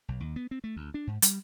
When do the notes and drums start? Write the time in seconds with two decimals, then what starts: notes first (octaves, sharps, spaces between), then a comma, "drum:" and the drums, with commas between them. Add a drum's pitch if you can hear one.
0.08 B1
0.20 D#2
0.36 B3
0.51 C4
0.64 A3
0.76 D2
0.94 D4
1.07 G#2
1.22 G3, drum: hi-hat